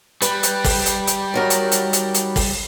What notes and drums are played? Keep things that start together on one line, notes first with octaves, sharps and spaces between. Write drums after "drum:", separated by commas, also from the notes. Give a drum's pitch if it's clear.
G3 B4, drum: hi-hat
drum: hi-hat
drum: kick, open hi-hat
drum: hi-hat
drum: hi-hat
D#3 F#3 A#4
drum: hi-hat
drum: hi-hat
drum: hi-hat
drum: hi-hat
drum: kick, open hi-hat